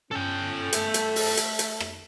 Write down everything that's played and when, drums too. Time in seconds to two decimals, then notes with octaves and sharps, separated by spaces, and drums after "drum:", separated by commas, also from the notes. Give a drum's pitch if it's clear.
0.11 C#4 A4 G5
0.73 A3, drum: hi-hat
0.94 drum: hi-hat
1.16 drum: open hi-hat
1.37 drum: hi-hat
1.59 drum: hi-hat
1.80 drum: rim click